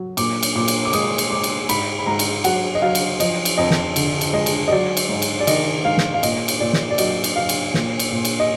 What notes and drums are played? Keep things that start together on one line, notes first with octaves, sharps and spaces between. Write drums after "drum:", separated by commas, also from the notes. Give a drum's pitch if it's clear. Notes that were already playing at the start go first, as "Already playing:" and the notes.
Already playing: F#3
A#2 D6, drum: cymbal
drum: cymbal
A#2 D6
drum: cymbal
D6
G#3 D#6, drum: cymbal
drum: cymbal
G#3 D6
drum: cymbal
G#2 B5, drum: cymbal
B5
G#2 A#5
drum: cymbal
F#3 F#5, drum: cymbal
D#5
F#3 F5
drum: cymbal
F3 D#5, drum: cymbal
drum: cymbal
F2 D#5
drum: snare
D3, drum: cymbal
drum: cymbal
G#3 D#5
drum: cymbal
D#5
F#3 D5
drum: cymbal
G#2
drum: cymbal
D5
D#3 D#5, drum: cymbal
G#2 F5
drum: snare
F5
A#2 D#5, drum: cymbal
drum: cymbal
A#2 D5
drum: snare
D5
F#3 D#5, drum: cymbal
drum: cymbal
F#3 F5
drum: cymbal
A#2, drum: snare
drum: cymbal
A#2
drum: cymbal
D#5